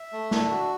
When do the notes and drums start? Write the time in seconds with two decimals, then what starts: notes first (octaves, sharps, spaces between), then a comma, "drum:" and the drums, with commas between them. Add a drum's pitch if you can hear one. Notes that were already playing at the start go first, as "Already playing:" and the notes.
Already playing: E5
0.13 A3
0.31 D4, drum: snare
0.50 F#4